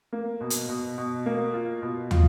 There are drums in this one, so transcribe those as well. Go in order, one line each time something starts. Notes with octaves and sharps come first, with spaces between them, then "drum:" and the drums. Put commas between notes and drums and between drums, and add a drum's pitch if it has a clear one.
A#3
B2
drum: hi-hat
B2
B2
A#3
F4
B2
F4, drum: tom